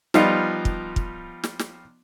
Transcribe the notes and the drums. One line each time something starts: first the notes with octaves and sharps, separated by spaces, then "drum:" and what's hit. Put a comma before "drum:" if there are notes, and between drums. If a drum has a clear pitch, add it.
F3 G3 B3 D#4 F4, drum: snare
drum: kick
drum: kick
drum: snare
drum: snare